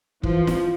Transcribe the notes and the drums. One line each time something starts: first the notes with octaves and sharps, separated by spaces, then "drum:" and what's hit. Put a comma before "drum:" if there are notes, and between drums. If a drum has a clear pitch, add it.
E3 F3, drum: kick
drum: snare